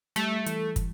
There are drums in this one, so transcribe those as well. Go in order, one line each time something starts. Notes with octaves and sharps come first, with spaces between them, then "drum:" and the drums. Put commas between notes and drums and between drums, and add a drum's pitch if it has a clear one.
G3 A3, drum: hi-hat
E3, drum: hi-hat
drum: kick, hi-hat